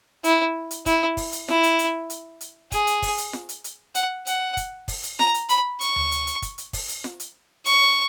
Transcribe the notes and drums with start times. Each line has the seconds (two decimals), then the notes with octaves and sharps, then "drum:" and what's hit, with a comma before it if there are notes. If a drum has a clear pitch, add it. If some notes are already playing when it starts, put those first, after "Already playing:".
0.24 E4, drum: hi-hat
0.71 drum: hi-hat
0.86 E4, drum: kick, hi-hat
1.17 drum: kick, open hi-hat
1.32 drum: hi-hat
1.48 E4, drum: snare F4
1.63 drum: hi-hat
1.79 drum: hi-hat
2.10 drum: hi-hat
2.41 drum: hi-hat
2.72 G#4, drum: kick, hi-hat
2.87 drum: hi-hat
3.02 drum: kick, open hi-hat
3.18 drum: hi-hat
3.33 drum: snare F4
3.49 drum: hi-hat
3.64 drum: hi-hat
3.95 F#5, drum: hi-hat
4.27 F#5, drum: hi-hat
4.57 drum: kick, hi-hat
4.88 drum: kick, open hi-hat
5.03 drum: hi-hat
5.19 A#5, drum: snare F4
5.34 drum: hi-hat
5.49 B5, drum: hi-hat
5.81 C#6, drum: hi-hat
5.96 drum: tom D2
6.11 drum: hi-hat
6.27 drum: hi-hat
6.42 drum: kick, hi-hat
6.58 drum: hi-hat
6.73 drum: kick, open hi-hat
6.89 drum: hi-hat
7.04 drum: snare F4
7.20 drum: hi-hat
7.66 C#6, drum: hi-hat